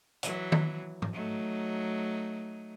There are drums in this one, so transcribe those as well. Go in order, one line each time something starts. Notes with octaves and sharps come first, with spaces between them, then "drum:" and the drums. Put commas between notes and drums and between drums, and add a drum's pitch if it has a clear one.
E3 F#3, drum: hi-hat
drum: tom D#3
drum: tom
F#3 A3 D#4